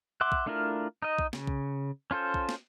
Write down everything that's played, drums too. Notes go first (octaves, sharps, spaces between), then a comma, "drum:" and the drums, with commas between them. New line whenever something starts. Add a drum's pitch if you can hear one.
E5 F#5 C6 D6
drum: kick A#1
A3 D4 E4 F4 A#4
D#4 D#5
drum: kick A#1
C#3, drum: snare
drum: kick A#1
C#4 F4 A4 C5
drum: kick A#1
drum: snare